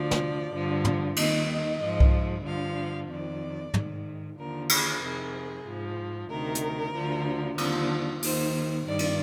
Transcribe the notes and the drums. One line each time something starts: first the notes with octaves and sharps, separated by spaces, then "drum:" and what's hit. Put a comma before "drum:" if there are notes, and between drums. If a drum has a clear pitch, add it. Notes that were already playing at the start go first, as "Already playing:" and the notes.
Already playing: D2 D3 F3 D5
drum: snare
G2 D3 F3
drum: tom
D#2 D#3 D#5, drum: cymbal
D#5
G#2 F3
drum: kick C2
G2 D3 F3 F5
F2 D#3 D5
G#2 D#3, drum: tom
D#2 D3 F3 A#4
G#4, drum: cymbal
F2 C3 D#3 G#4
G#2 F3
D2 C3 D#3 A#4
drum: hi-hat
D2 D3 F3
D#2 D3 F3, drum: cymbal
D#2 D#3 C5, drum: open hi-hat
G2 D#3 D5
drum: cymbal